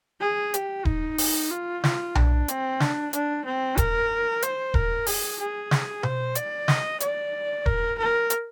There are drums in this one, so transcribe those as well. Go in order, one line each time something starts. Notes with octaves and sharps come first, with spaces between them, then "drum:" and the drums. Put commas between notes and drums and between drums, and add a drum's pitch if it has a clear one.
G#4
G4, drum: hi-hat
D#4, drum: kick D#1
drum: open hi-hat
F4
F4, drum: snare
D4, drum: tom B1
C4, drum: hi-hat
D4, drum: snare
D4, drum: hi-hat
C4
A#4, drum: kick D#1, hi-hat
C5, drum: hi-hat
A#4, drum: kick D#1
G#4, drum: open hi-hat
G#4
drum: snare
C5, drum: tom B2
D5, drum: hi-hat
D#5, drum: snare
D5, drum: hi-hat
A#4, drum: kick D#1
A#4
drum: hi-hat